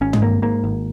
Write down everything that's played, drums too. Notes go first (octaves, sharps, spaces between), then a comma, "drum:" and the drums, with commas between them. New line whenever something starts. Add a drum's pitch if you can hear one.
G#1 C#4
G#3, drum: tom
G#1 A#3
G#2 A#3
G#1